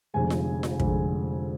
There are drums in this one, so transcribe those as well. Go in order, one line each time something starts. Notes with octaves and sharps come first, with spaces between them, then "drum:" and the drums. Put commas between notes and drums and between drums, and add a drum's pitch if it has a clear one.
F1 F2 D3 G#3 G#5
drum: snare F4
drum: snare F4
F1 F2 D3 G#3, drum: kick